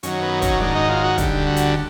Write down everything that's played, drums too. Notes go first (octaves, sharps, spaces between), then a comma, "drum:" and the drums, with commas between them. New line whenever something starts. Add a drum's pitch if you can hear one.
F#2 D#3 F#3 C#4, drum: hi-hat
B3
C#4, drum: kick, hi-hat
G#2 D#3 F#3 D4
D#4
F4
F#4
D2 D3 G3 G4, drum: kick, hi-hat
F#4
drum: hi-hat